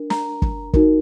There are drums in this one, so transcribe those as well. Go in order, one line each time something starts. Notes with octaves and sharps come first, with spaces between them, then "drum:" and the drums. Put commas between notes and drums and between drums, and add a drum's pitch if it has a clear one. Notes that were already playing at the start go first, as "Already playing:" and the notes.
Already playing: D4 A#4
A#5, drum: snare
drum: kick
D#4 F#4 A#4, drum: kick